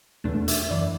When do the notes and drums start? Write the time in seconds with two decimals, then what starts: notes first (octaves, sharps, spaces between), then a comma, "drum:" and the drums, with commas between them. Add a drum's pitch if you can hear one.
0.24 E2 B2 A3 D4
0.48 E5, drum: hi-hat
0.70 F#2 E3 D4 D5